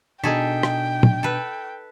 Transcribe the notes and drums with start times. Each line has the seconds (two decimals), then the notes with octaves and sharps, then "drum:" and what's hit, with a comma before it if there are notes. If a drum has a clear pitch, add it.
0.24 B2 D4 D#4 G#4 A4 G5 B6
0.63 drum: rim click
1.03 drum: tom
1.23 A4 B4